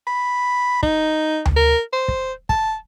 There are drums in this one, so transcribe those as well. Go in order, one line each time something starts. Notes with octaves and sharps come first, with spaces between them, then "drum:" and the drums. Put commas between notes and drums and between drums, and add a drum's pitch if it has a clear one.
B5
D#4, drum: kick
drum: tom D2
A#4
C5
drum: kick
A5, drum: kick